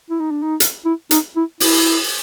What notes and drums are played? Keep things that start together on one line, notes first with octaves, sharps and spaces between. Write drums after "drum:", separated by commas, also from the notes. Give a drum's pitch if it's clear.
E4
D#4
D4
D#4
drum: hi-hat
E4
D#4, drum: hi-hat
E4
E4, drum: open hi-hat